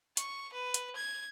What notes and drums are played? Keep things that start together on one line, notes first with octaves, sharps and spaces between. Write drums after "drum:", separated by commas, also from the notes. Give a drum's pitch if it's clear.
C#6, drum: hi-hat
B4
drum: hi-hat
G#6